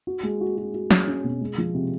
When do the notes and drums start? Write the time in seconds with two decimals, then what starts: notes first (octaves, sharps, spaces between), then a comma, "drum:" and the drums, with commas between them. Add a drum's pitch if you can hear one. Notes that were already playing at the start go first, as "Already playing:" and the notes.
0.07 F#4
0.23 G#3
0.41 F#4
0.57 F#4
0.74 F#4
0.91 C#4, drum: snare
1.07 C#4
1.24 B2
1.41 G#3
1.58 F3
1.74 C3